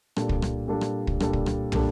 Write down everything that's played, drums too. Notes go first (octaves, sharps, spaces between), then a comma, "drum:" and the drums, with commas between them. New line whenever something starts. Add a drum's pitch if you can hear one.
A#2 G3 D4 A4, drum: rim click
drum: kick
drum: rim click
A#2 G3 D4 A4
drum: rim click
drum: kick
A#2 G3 D4 A4, drum: rim click
drum: kick
drum: rim click
A#2 G3 D4 A4, drum: tom